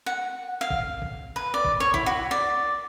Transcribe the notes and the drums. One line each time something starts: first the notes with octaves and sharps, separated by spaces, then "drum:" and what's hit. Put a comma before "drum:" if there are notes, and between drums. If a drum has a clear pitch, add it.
F#5
F5
drum: kick
drum: kick
B4
D5
drum: kick
C#5
E4, drum: kick
F#4
D5